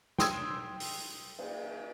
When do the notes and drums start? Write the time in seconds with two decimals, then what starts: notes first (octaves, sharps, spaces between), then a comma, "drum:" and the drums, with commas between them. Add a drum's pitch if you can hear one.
0.19 G5 C6 D#6 E6 G#6, drum: snare
0.80 drum: open hi-hat
1.38 drum: cymbal